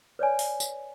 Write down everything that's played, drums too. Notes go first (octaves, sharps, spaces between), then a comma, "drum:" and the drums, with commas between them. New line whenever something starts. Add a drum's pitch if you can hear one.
B4 C#5 D5 G#5
drum: open hi-hat
drum: tambourine